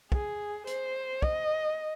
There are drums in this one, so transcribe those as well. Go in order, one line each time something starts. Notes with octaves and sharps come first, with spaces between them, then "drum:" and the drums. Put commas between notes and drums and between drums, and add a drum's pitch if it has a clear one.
G#4, drum: kick
C5, drum: hi-hat
D#5, drum: kick